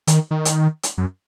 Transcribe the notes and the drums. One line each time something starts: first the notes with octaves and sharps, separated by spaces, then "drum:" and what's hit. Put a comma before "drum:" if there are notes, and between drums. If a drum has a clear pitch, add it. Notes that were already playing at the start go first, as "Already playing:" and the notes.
D#3, drum: hi-hat
D#3
drum: hi-hat
drum: hi-hat
F#2